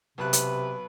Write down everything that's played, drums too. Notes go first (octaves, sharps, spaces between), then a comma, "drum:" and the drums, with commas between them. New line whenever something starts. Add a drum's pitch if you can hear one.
B1 C3 B4 A5 F#6
drum: hi-hat